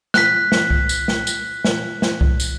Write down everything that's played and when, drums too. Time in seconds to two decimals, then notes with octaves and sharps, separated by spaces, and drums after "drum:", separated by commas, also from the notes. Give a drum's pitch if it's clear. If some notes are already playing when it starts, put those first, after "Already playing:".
0.14 F#6 B6, drum: snare
0.52 drum: snare
0.71 drum: kick C2
0.89 drum: tambourine
1.08 drum: snare
1.27 drum: tambourine
1.65 drum: snare
2.02 drum: snare
2.21 drum: kick C2
2.40 drum: tambourine